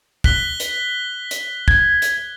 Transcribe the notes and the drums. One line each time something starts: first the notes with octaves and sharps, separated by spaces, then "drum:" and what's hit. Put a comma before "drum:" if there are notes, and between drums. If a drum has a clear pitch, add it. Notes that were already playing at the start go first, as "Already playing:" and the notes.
F#6 B6 G7, drum: kick
drum: hi-hat
drum: hi-hat
G#6, drum: kick
drum: hi-hat